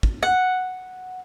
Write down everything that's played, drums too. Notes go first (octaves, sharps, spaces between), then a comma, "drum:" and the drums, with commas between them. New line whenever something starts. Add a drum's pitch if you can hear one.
drum: kick
F#5